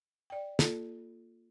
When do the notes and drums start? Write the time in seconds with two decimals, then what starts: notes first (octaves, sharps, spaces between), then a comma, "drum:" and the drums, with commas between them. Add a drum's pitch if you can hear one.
0.30 D5 G5
0.59 A#3 F4 A4, drum: snare